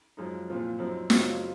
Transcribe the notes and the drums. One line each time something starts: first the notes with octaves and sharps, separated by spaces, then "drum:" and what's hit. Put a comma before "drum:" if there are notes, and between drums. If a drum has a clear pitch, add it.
F#2 F3 G#3 D#4
C2 A#2 F3 C4 F4
F#2 F3 C4 D#4
F#2 C#3 F#3 C4 F4, drum: snare